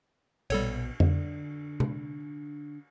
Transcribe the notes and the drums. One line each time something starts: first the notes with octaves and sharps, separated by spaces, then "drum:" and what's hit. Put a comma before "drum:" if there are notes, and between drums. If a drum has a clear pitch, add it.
A#1 B2 G3 A4 C#5, drum: cymbal
D3, drum: tom F2
drum: tom C3